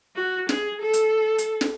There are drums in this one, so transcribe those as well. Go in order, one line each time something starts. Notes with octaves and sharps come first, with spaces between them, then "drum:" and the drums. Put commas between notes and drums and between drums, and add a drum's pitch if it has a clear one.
F#4
G#4, drum: snare
A4
drum: hi-hat
drum: hi-hat
drum: snare